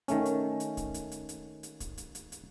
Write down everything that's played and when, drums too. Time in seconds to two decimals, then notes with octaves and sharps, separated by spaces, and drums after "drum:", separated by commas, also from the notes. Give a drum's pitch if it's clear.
0.08 D#3 A3 C#4, drum: hi-hat
0.26 drum: hi-hat
0.60 drum: hi-hat
0.77 drum: kick, hi-hat
0.94 drum: hi-hat
1.12 drum: hi-hat
1.29 drum: hi-hat
1.63 drum: hi-hat
1.80 drum: kick, hi-hat
1.98 drum: hi-hat
2.15 drum: hi-hat
2.32 drum: hi-hat